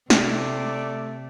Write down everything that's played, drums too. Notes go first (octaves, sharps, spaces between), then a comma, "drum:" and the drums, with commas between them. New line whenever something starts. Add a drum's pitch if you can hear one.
C3 A3 D5, drum: snare